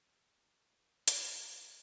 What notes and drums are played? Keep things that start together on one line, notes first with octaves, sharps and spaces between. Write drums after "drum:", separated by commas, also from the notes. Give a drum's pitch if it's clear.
G#4
G4
G#4
A#4
B4, drum: hi-hat
C5